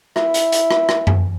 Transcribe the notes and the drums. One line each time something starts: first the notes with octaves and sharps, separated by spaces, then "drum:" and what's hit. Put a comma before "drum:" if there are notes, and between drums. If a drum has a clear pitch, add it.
E4, drum: rim click
drum: hi-hat
drum: hi-hat
drum: rim click
drum: rim click
drum: tom F#2